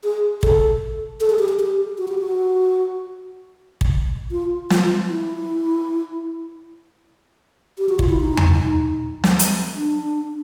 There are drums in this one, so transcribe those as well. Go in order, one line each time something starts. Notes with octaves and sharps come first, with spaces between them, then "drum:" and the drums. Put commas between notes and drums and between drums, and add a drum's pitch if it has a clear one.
G#4
A4, drum: kick
A4
G#4
G4
G#4
G4
F#4
G4
F#4
drum: kick
F4
F4, drum: snare
E4
G4
F#4
F4, drum: kick
E4
D#4
drum: tom E2
drum: snare
drum: hi-hat
D4